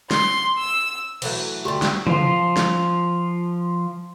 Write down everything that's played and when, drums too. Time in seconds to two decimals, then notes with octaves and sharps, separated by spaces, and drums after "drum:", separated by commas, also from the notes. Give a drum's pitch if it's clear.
0.11 C6, drum: snare
0.57 E6
1.22 E3 F#3 A3, drum: cymbal
1.65 D2 G3 G4 C6
1.82 drum: snare
2.07 F3 F4, drum: tom
2.57 drum: snare